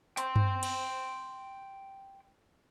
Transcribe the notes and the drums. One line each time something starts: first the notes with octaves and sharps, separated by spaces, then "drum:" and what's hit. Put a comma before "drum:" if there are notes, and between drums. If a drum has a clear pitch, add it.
G5 C6, drum: hi-hat
drum: tom G2
drum: cymbal